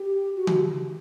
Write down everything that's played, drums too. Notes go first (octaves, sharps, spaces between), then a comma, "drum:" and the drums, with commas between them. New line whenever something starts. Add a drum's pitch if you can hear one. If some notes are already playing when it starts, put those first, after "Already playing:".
Already playing: G4
F#4
drum: tom D3